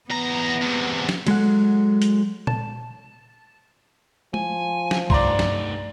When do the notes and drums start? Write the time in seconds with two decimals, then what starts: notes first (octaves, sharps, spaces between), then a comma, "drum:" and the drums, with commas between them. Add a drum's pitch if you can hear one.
0.10 E2 B3 A#5
0.61 E2 C3
1.09 drum: snare
1.27 F#3 G#3 A4 F#5, drum: cymbal
2.02 drum: hi-hat
2.47 A5, drum: tom A#2
4.34 F3 G#5, drum: tom G#3
4.91 drum: snare
5.10 G2 A3 D#4 D5 A#5 C6, drum: kick
5.39 drum: snare